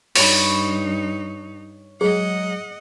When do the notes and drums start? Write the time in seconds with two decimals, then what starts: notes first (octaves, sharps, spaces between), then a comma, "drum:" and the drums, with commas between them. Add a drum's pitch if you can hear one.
0.15 G2 D#4 C#5 B5, drum: open hi-hat
2.01 F#3 G#3 G#4 D#5 F#5